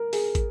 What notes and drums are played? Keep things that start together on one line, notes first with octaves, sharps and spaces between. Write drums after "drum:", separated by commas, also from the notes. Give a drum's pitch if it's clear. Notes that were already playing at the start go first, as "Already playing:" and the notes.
Already playing: A#4
G#4, drum: open hi-hat
drum: kick, hi-hat